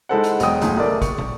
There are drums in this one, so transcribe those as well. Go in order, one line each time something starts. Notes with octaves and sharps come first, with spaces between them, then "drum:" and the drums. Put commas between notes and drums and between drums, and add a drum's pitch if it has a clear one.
G#3 D#4 E4 A4 C5 F#5
drum: hi-hat
E1 F#3 G#3 F#4 G5 D#6, drum: hi-hat
C#2 A2 G#5, drum: hi-hat
F#1 A3 A#3 D5
C#6, drum: kick, hi-hat
drum: tom